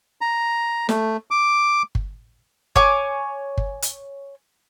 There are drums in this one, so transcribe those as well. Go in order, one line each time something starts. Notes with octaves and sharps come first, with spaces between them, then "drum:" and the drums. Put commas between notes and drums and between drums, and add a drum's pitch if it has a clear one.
A#5
A3, drum: snare
D6
drum: kick G1
C#5 G#5 D6, drum: kick G1
drum: kick G1
drum: hi-hat